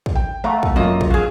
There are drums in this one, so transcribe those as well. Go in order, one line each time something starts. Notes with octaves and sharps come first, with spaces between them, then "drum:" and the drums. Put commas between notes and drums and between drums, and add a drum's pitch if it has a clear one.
drum: kick
G5
A3 F5 F#5 A#5
drum: kick
F#2 A#3 C#4 F4 D#5
drum: kick
F#3 G#4 F5